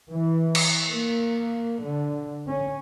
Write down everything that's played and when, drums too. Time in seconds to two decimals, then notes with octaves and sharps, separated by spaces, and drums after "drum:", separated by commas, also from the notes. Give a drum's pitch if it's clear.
0.12 E3
0.55 drum: cymbal
0.90 A#3
1.85 D3
2.49 C#4